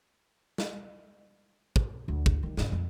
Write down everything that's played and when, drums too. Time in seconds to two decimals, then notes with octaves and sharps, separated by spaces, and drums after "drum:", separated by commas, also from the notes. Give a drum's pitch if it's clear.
0.58 drum: snare
1.76 drum: kick
2.08 D2
2.26 drum: kick
2.43 D#3 G3
2.57 G2 C#3, drum: snare
2.72 F2